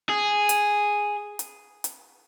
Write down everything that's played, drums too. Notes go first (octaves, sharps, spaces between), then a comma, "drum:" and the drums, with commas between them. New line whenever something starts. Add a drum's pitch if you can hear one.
G#4
drum: hi-hat
drum: hi-hat
drum: hi-hat